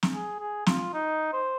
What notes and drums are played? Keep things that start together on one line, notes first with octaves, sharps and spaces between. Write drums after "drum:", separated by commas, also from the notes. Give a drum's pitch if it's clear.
drum: snare
G#4
G#4
F4, drum: snare
D#4
C5